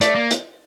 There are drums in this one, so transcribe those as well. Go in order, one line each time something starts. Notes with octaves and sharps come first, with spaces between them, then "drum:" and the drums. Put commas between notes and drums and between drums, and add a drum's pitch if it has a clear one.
A3 D5, drum: hi-hat
A#3
drum: hi-hat